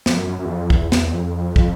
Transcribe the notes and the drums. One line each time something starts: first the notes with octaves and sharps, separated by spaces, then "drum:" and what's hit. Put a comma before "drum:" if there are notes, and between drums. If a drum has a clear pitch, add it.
F2, drum: snare
F#2
F#2
F#2
E2
F2
E2, drum: kick
E2, drum: snare
F2
drum: kick